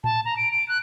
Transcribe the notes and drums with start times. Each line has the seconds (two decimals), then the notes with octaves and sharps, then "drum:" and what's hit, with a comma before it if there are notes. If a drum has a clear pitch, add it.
0.04 A5, drum: tom A2
0.25 A#5
0.37 D7
0.51 D7
0.68 F#6